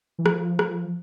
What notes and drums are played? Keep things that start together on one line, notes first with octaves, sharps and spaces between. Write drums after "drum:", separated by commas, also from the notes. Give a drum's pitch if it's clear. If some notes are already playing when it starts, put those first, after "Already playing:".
E3
F3, drum: rim click
drum: rim click